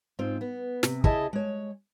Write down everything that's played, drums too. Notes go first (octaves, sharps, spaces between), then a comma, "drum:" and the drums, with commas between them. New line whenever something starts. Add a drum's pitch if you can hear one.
G#2 C4 F4
B3
C3, drum: snare
C#3 E4 G#4 D#5 E5 A5, drum: kick
G#3 C#5